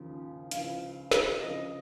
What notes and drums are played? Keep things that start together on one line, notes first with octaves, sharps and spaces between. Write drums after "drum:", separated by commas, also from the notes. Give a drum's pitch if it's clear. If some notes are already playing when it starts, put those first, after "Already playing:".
Already playing: D#2 C#3 F3
C#2 C#3 F3 F5, drum: hi-hat
drum: snare
C#2 C#3 F3 D#5